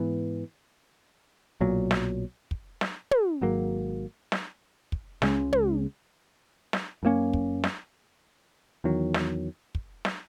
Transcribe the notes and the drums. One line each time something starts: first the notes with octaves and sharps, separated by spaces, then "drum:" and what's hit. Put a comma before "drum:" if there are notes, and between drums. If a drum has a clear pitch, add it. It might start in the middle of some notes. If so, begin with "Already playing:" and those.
Already playing: G#2 E3 B3
B1 A#2 F#3
drum: snare
drum: kick
drum: snare
drum: tom
G#1 G#2 F#3 A#3
drum: snare
drum: kick
C#2 C#3 G#3, drum: snare
drum: tom
drum: snare
F#2 D#3 A#3 C#4
drum: kick
drum: snare
E2 D#3 F#3
drum: snare
drum: kick
drum: snare